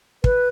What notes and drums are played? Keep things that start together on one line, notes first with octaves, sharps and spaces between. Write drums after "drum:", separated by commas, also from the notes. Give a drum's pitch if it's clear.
B4, drum: kick